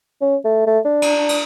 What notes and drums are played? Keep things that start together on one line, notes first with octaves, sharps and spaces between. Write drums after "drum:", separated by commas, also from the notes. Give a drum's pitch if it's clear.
C#4
A3
A3
D4
drum: cymbal
drum: cymbal